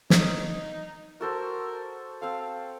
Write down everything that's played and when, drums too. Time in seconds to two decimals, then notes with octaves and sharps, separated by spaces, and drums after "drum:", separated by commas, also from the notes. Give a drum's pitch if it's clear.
0.10 D#4 D#6, drum: snare
1.21 F#4 A4 A#4 C5
2.22 C4 A4 F5
2.42 F5